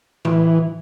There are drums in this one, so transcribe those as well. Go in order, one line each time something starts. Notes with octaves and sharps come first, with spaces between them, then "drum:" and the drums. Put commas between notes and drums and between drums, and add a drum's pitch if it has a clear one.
E3, drum: tom A2